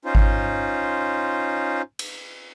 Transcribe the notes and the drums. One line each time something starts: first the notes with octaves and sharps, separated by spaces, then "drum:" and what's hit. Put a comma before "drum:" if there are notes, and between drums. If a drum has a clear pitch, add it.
C#4 D#4 F4 C5
drum: kick G#1
drum: cymbal